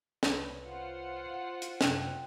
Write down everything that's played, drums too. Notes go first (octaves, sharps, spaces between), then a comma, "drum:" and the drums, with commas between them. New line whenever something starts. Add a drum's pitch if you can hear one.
C2 B4 C#5, drum: snare
F4 C5 F#5
drum: hi-hat
F#2 C3 G5 F#6, drum: snare